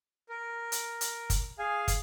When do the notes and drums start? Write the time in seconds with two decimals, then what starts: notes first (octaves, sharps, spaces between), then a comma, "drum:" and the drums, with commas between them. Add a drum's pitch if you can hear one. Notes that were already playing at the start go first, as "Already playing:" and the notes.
0.29 A#4
0.72 drum: hi-hat
1.01 drum: hi-hat
1.30 drum: kick, hi-hat
1.59 G#4 F5 G#5
1.88 drum: kick, hi-hat